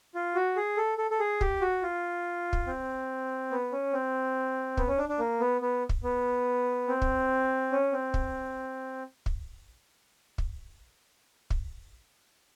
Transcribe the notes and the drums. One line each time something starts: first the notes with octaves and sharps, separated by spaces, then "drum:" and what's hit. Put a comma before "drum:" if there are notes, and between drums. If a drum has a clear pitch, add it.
F4
F#4
G#4
A4
A4
A4
G#4
G4, drum: kick
F#4
F4
drum: kick
C4
B3
C#4
C4
B3, drum: kick
C#4
D4
D4
A#3
B3
B3
drum: kick
B3
C4
drum: kick
C#4
C4
drum: kick
drum: kick
drum: kick
drum: kick